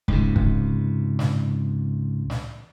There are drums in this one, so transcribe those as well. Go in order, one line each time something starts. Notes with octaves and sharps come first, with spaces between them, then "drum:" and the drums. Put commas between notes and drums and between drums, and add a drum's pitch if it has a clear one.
C#2 G#2 C3, drum: kick
drum: kick
drum: snare
drum: snare